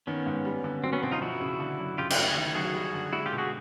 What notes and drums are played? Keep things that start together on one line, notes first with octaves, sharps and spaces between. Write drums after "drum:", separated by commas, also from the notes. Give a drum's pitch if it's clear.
D#3 B3 C#4
G#2
G3
D3
F#3 C4
B3 C#4
B2 C4
D#4 F4
F3 E4 F#4
C#3
D3
F#2
C#3 F4 G4
F4 G4, drum: cymbal
D2
F#4 G#4
D#3
F#2 F#4 G#4
G3
D3
G#3 E4 F#4
F4 G4
B2
F#4 G#4